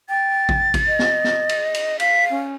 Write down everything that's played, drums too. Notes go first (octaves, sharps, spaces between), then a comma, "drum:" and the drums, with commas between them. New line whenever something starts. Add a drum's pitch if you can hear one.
G5 A6
drum: kick G#1
drum: kick G#1, cymbal
D#5
drum: snare
drum: snare
drum: cymbal
drum: cymbal
F5 B6, drum: cymbal
C#4